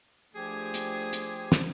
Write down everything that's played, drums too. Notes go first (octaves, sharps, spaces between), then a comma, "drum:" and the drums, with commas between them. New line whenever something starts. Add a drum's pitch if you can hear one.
F3 A3 D4 G4 G#4 G#6
drum: hi-hat
drum: hi-hat
drum: snare